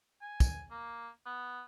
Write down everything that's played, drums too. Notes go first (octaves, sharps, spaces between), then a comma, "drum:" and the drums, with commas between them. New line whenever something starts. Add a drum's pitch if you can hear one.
G#5
drum: kick, tambourine
A#3
B3